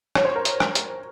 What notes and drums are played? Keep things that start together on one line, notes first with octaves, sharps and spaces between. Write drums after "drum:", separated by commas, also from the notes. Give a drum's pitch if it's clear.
C#5, drum: rim click
C5
A#4
drum: hi-hat
drum: rim click
drum: hi-hat